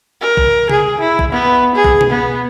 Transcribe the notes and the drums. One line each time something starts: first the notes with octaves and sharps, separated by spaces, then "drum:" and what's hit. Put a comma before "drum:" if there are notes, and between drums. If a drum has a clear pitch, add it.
A#4
drum: kick
G#4, drum: tom C3
E4
drum: kick
B3
G#4
drum: kick
drum: tom B2
B3